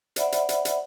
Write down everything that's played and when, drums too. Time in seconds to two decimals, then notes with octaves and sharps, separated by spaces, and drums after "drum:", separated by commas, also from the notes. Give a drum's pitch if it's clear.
0.16 C5 D5 E5 F#5 B5, drum: hi-hat
0.32 drum: hi-hat
0.49 drum: hi-hat
0.65 drum: hi-hat